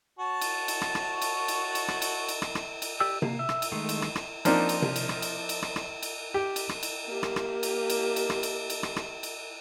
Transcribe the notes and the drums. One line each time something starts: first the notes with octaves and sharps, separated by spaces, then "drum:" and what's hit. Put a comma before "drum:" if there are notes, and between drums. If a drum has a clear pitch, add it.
F#4 C#5 A5
drum: cymbal
drum: cymbal
drum: rim click
drum: rim click
drum: cymbal
drum: cymbal
drum: cymbal
drum: rim click
drum: cymbal
drum: cymbal
drum: rim click
drum: rim click
drum: cymbal
G4 D5 G5 E6
A#3, drum: tom C3
E5
drum: rim click
drum: cymbal
D#3 G#3 A3
drum: cymbal
drum: rim click
drum: rim click
F3 A#3 C4 D4 D#4, drum: cymbal
drum: cymbal
drum: tom C3
drum: cymbal
drum: rim click
drum: cymbal
drum: cymbal
drum: rim click
drum: rim click
drum: cymbal
G4
drum: cymbal
drum: rim click
drum: cymbal
A#3 G4
drum: rim click
drum: rim click
drum: cymbal
drum: cymbal
drum: cymbal
drum: rim click
drum: cymbal
drum: cymbal
drum: rim click
drum: rim click
drum: cymbal